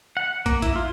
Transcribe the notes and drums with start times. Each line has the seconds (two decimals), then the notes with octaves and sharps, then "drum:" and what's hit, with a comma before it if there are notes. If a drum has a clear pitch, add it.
0.17 F#5
0.46 A#3, drum: kick, hi-hat
0.62 E4, drum: kick, hi-hat
0.76 F4